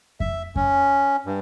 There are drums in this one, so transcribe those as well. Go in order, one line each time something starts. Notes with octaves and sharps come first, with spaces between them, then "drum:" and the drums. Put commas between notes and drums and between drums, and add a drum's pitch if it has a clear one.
E5, drum: kick F2
C#4, drum: kick F2
G2